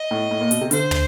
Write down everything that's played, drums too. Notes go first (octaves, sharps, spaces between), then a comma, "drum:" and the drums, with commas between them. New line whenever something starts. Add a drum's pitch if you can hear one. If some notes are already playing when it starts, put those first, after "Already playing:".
Already playing: D#5
A2
A2
A#2
B2, drum: hi-hat
C3
D3 C5, drum: hi-hat
drum: tom